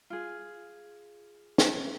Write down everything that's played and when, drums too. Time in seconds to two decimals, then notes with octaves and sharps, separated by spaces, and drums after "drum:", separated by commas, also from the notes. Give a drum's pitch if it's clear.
0.10 F4 G#4
1.58 drum: snare